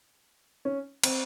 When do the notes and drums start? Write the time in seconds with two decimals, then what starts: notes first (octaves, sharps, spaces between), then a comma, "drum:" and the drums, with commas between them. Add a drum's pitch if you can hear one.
0.65 C#4
1.03 C4, drum: cymbal